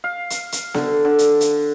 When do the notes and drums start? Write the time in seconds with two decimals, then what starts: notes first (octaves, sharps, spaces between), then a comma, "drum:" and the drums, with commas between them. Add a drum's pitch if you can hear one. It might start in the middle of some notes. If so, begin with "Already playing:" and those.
0.04 F5
0.30 drum: hi-hat
0.52 drum: hi-hat
0.74 D3, drum: snare B3
1.05 D3
1.19 drum: hi-hat
1.41 drum: hi-hat